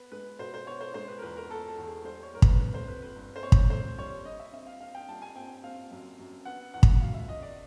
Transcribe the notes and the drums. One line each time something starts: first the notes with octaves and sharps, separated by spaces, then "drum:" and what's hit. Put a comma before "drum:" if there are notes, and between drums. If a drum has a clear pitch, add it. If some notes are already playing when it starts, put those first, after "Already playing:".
Already playing: B3 B4
G#3 B4
B2 C5
C5
B3 C#5
C5
G#3 C5
B4
A#4
E2 B4
A#4
B3 A4
A4
E2
G#4
G3 C5
C#5
G2 A#4
B4, drum: kick
C4 B4
C5
C4 B4
B4
G2
C5
C4 C#5
drum: kick
C4 C5
G3 C#5
G3 D#5
E5
C4 E5
F5
C4 F5
G5
G3 A5
G#5
C4 G5
C4 F5
F#2
F#2
B3 F#5
E2 F#5
drum: kick
B2 F5
E5
E2 D#5
D5